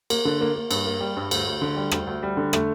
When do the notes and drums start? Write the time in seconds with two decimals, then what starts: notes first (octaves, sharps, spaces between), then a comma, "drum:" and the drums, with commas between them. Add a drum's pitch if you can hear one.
0.10 A#3, drum: cymbal
0.25 D3
0.41 A#3
0.56 A#3
0.71 G2, drum: cymbal
0.86 A#3
1.00 G3
1.17 G2
1.31 D2, drum: cymbal
1.47 D2
1.62 D3
1.76 G3
1.91 D2, drum: rim click
2.07 D2
2.23 G3
2.37 D3
2.53 A3, drum: rim click